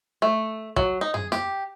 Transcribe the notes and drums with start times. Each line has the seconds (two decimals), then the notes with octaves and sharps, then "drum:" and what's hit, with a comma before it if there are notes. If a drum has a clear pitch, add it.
0.22 A3
0.76 F#3, drum: kick
1.01 D#4
1.14 G#4, drum: tom
1.32 G4, drum: snare